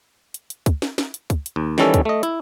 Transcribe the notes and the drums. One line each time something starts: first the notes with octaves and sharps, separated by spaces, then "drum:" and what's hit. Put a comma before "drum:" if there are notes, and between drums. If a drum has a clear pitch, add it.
drum: hi-hat
drum: hi-hat
drum: kick, hi-hat
drum: snare
drum: snare
drum: hi-hat
drum: kick, hi-hat
drum: hi-hat
D#2
D#3 E3 G3 C#4 A4, drum: snare
drum: kick, hi-hat
A3 D#5
E4, drum: hi-hat